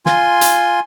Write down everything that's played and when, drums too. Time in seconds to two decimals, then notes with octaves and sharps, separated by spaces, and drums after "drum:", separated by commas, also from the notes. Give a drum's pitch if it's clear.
0.06 F4 G#5 C6, drum: snare
0.41 drum: hi-hat